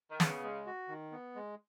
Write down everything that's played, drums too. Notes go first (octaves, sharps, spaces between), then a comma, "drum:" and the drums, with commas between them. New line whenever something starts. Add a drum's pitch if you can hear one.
D#3
C#3 B3, drum: snare
G#3
F#4
D#3
B3
G#3